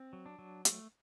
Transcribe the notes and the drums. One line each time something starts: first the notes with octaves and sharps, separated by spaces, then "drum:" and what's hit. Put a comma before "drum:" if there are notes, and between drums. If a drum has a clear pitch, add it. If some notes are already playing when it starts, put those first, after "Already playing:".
Already playing: C4
F#3
D4
F#3
A3, drum: hi-hat